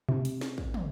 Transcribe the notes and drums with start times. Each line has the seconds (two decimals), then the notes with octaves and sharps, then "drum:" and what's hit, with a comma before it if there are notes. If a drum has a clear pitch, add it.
0.09 C3, drum: tom
0.25 drum: hi-hat
0.41 drum: snare
0.58 drum: kick
0.74 drum: tom